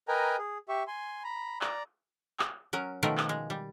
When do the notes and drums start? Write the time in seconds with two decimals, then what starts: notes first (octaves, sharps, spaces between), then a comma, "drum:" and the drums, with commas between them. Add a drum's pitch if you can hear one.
0.08 A#4 B4 D#5 G5 G#5 A#5
0.38 G#4
0.69 G4 E5 C#6
0.87 G#5 C6
1.24 A#5 B5
1.61 D5 A#5, drum: clap
2.39 drum: clap
2.73 F#3 C#4 A#4
3.03 B2 D#3 F3 A3 A#4
3.18 drum: clap
3.29 G#3
3.50 G3